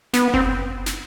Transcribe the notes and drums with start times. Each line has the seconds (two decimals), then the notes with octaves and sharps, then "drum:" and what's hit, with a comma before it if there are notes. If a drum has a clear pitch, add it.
0.13 B3, drum: snare
0.34 C4, drum: kick F#1
0.86 drum: snare